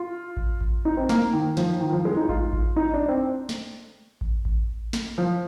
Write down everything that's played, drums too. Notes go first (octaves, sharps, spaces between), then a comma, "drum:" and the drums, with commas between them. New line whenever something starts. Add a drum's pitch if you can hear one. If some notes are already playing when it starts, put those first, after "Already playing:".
Already playing: F4
drum: kick A1
drum: kick A1
D#4
C4
A#3, drum: snare
D#3
F3, drum: snare
D#3
F3
G#3
D#4
F4, drum: kick A1
drum: kick A1
D#4
D4
C4
drum: snare
drum: kick A1
drum: kick A1
drum: snare
F3